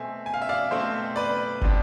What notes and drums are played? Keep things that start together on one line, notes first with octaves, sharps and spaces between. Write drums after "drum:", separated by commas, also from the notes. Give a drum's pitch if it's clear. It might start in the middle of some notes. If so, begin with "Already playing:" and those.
Already playing: B2 A3 C4 E5 G#5
G#5
F5
E5
D5 F5
B2 A3 C4 C5 E5
B4 D5
C3 F3 B3 D4, drum: kick